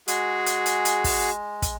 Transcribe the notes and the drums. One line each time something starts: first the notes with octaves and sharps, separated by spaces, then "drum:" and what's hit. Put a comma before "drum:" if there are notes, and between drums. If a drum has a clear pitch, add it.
G#3 F#4 G#4, drum: hi-hat
drum: hi-hat
drum: hi-hat
drum: hi-hat
drum: kick, open hi-hat
drum: kick, hi-hat